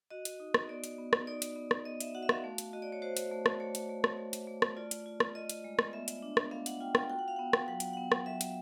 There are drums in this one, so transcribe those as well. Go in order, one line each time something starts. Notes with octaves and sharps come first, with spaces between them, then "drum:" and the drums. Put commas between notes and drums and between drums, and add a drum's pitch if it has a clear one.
F#4 D#5
drum: hi-hat
D#4
drum: rim click
B3 D5
drum: hi-hat
B3
drum: rim click
D#4 D5
drum: hi-hat
B3
drum: rim click
B3 D#5
E5, drum: hi-hat
F#4 F#5
E5
F5, drum: rim click
A3
drum: hi-hat
F#4 D#5
D5
C#5
F#4 C5
drum: hi-hat
A3
drum: rim click
A3 C#5
drum: hi-hat
A3
drum: rim click
A3
drum: hi-hat
A3
drum: rim click
F4 D5
drum: hi-hat
F4
drum: rim click
F4 D#5
drum: hi-hat
G#3
drum: rim click
B3 E5
drum: hi-hat
D4
drum: rim click
B3 F5
F#5, drum: hi-hat
F4 G5
G5, drum: rim click
F#4 G5
F#5
F5
B3 F#5
drum: rim click
F#3 F#5
G5, drum: hi-hat
B3 F#5
drum: rim click
F#3 E5
drum: hi-hat